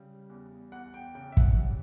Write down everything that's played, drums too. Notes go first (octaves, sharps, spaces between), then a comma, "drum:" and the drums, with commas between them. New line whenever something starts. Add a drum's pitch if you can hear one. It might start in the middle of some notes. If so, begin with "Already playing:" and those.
Already playing: C#3 G3
E2
E2 F#5
G5
C#3 G5
E5
F#5, drum: kick
G3